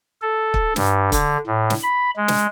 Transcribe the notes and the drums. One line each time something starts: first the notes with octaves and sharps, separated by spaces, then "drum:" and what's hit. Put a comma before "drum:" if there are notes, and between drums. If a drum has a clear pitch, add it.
A4
drum: kick
G2, drum: snare
D3, drum: kick, hi-hat
A2
drum: snare
B5
G#3
drum: snare